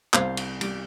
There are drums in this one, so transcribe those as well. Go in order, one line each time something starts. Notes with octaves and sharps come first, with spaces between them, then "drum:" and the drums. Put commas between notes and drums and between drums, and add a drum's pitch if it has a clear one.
C2 C5 F5, drum: clap
drum: cymbal
G3, drum: cymbal